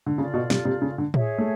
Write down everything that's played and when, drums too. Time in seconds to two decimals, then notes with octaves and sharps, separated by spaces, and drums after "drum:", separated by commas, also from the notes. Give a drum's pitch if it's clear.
0.06 D3
0.18 C#3 F4 A4 D5
0.34 B2
0.50 C3, drum: snare
0.65 C3
0.82 C#3
0.98 D3
1.14 G#4 C#5 E5, drum: tom A2
1.38 A3